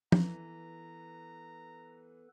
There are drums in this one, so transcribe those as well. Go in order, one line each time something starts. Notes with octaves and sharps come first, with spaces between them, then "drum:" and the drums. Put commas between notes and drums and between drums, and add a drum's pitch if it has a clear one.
E3 B3 A4 B4 A#5, drum: tom